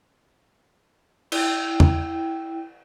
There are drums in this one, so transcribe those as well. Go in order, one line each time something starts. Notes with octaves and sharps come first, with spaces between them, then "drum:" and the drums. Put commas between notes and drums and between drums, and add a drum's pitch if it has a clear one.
E4 G5, drum: cymbal
drum: tom